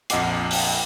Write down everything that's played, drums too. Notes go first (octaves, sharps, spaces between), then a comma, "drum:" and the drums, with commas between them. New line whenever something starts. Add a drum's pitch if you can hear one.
A#1 F2 D#5 F#5 D6 C7, drum: hi-hat
drum: open hi-hat